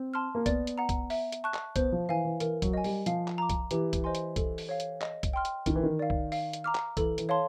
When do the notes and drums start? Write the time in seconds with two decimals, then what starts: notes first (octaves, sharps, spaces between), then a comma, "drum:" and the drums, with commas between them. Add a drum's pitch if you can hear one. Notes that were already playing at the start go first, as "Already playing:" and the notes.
Already playing: C4
0.14 A5 C6 F6
0.35 A#3
0.46 B3 D5, drum: kick B1, hi-hat
0.67 drum: hi-hat
0.78 F#5 A#5
0.89 drum: kick B1, hi-hat
1.10 E5, drum: open hi-hat
1.32 drum: hi-hat
1.44 A5 C#6 F#6
1.54 drum: clap
1.76 B3 C5, drum: kick B1, hi-hat
1.92 F3
2.09 E3 F5 G#5
2.25 E3
2.40 E3 A#4, drum: hi-hat
2.62 F#3, drum: kick B1, hi-hat
2.73 D#5 G#5
2.84 G3, drum: open hi-hat
3.06 F3 F5, drum: hi-hat
3.28 drum: clap
3.38 A#5 D6
3.50 drum: kick B1, hi-hat
3.71 E3 G4, drum: hi-hat
3.93 drum: kick B1, hi-hat
4.04 C5 D#5 G#5 C6
4.15 drum: hi-hat
4.36 A4, drum: kick B1, hi-hat
4.58 drum: open hi-hat
4.69 C#5 F5
4.80 drum: hi-hat
5.01 D#5, drum: clap
5.23 drum: kick B1, hi-hat
5.33 G5 C6 F6
5.45 drum: hi-hat
5.66 D#3 A#4, drum: kick B1, hi-hat
5.75 E3
5.83 D#3
5.99 D5 F5
6.10 drum: kick B1
6.32 F5, drum: open hi-hat
6.53 drum: hi-hat
6.64 A#5 D6 F6
6.75 drum: clap
6.97 E3 A4, drum: kick B1, hi-hat
7.18 E3, drum: hi-hat
7.29 C#5 F5 A5 C6